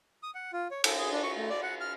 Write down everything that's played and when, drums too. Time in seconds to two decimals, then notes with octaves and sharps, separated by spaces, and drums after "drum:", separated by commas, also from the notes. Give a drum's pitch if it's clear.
0.23 D#6
0.35 F#5
0.53 F4
0.71 C#5
0.84 A4, drum: cymbal
0.98 G#4
1.12 D4
1.23 C#6
1.37 A3
1.49 D5
1.63 F#5
1.81 F6